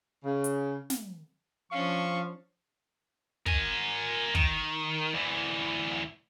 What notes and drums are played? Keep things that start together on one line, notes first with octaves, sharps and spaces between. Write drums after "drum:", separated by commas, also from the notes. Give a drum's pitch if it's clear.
C#3
drum: hi-hat
drum: snare
F3 C#4 D4 F5 C#6
A#4 G#5, drum: kick
D#3, drum: kick
D2 E3